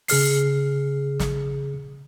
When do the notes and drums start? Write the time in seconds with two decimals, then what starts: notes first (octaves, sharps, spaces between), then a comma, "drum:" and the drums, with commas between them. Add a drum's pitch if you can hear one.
0.08 C#3 G#4 F6 C7, drum: open hi-hat
1.20 drum: snare